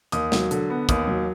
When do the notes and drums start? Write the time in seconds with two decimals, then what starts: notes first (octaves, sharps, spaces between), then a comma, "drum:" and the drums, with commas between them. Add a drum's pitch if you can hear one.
0.12 D#2 D#6, drum: hi-hat
0.32 F#3, drum: snare
0.51 D3, drum: hi-hat
0.70 B3
0.89 D#2 D#6, drum: kick, hi-hat
1.08 F#3